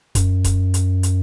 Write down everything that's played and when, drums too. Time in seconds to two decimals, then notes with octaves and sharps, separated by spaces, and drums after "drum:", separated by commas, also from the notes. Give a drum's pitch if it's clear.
0.15 F#2, drum: kick E1, hi-hat
0.44 drum: kick E1, hi-hat
0.74 drum: hi-hat
1.03 drum: hi-hat